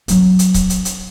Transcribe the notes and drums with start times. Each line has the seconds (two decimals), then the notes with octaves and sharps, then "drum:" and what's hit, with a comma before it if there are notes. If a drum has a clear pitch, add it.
0.08 F#3 C#4, drum: hi-hat
0.39 drum: hi-hat
0.54 drum: kick C#1, hi-hat
0.70 drum: hi-hat
0.85 drum: hi-hat